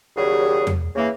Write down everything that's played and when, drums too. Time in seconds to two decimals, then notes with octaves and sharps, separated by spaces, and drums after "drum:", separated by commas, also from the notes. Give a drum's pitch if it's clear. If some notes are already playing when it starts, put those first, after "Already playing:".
0.17 D#2 C#3 F#3 G3 G#4
0.67 drum: tom E2
0.95 C#3 E3 A#3